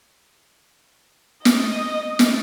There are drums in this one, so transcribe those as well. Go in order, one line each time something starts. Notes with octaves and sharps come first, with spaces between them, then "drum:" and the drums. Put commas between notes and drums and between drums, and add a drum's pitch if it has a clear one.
D#5, drum: snare
drum: snare